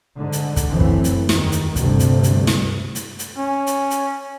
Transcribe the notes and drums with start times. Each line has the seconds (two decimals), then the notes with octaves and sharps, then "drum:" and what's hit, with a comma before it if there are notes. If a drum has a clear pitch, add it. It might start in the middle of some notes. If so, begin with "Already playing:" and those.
0.18 G#2 D3
0.32 drum: hi-hat
0.56 drum: kick, hi-hat
0.69 F#2 E3 A3 C4
0.80 drum: kick
1.04 drum: hi-hat
1.29 E2 D#3, drum: snare
1.52 drum: hi-hat
1.76 D2 G2 C3, drum: kick, hi-hat
2.00 drum: hi-hat
2.23 drum: hi-hat
2.47 drum: snare
2.95 drum: hi-hat
3.19 drum: hi-hat
3.36 C#4
3.67 drum: hi-hat
3.90 drum: hi-hat